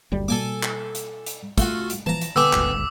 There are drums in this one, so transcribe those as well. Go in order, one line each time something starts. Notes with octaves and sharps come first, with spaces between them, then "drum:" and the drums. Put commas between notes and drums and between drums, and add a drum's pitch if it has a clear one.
F#1 D2 G3
B2 G3 A#3 A4 G#5 D6
drum: clap
drum: hi-hat
drum: hi-hat
A3 F4 F#4, drum: kick, hi-hat
drum: hi-hat
E3 F3 A5 A#5
drum: hi-hat
D3 B3 G4 G#5 D6 E6
D#1 G#1 D2, drum: clap